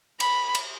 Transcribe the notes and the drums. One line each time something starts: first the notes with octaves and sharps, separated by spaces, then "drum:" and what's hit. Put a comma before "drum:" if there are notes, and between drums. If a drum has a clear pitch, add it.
B5, drum: cymbal
drum: cymbal